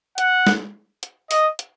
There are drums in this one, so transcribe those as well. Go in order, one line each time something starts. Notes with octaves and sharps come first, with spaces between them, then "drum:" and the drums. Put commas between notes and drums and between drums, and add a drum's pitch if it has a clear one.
F#5, drum: hi-hat
drum: snare
drum: hi-hat
D#5, drum: open hi-hat
drum: hi-hat